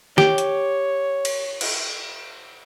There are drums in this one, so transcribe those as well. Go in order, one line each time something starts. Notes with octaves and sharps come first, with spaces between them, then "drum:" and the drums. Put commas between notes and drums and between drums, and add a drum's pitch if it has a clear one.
G4 C#5, drum: snare
drum: hi-hat
drum: cymbal
drum: cymbal